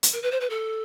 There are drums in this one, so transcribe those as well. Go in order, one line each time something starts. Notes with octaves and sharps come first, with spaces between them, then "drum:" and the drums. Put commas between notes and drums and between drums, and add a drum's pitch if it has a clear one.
drum: hi-hat
A#4
B4
C5
B4
A4